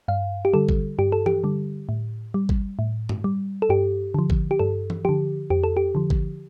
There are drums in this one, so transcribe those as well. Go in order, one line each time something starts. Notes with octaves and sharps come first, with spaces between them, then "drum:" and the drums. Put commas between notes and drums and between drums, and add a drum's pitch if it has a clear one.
G2 F5
G4
D3 G3 A4
drum: kick G#1
G2 G4
A4
G4, drum: tom E3
D3 G3
A2
G3
drum: kick G#1
A2
drum: tom G2
G3
A4
G2 G4
D3 F3
drum: kick G#1
G4
G2 A4
drum: tom E3
D3 F3 G4
F2 G4
A4
G4
D3 F3
drum: kick G#1